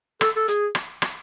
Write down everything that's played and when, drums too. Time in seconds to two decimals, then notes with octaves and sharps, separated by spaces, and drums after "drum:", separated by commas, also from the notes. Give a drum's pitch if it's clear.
0.21 A4, drum: rim click
0.36 A4
0.48 G#4, drum: hi-hat
0.75 drum: rim click
1.02 drum: rim click